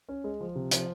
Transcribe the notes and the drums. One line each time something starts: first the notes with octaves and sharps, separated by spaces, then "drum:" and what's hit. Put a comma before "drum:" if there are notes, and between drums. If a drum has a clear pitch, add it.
C#4
G#3
F3
C3
F3, drum: hi-hat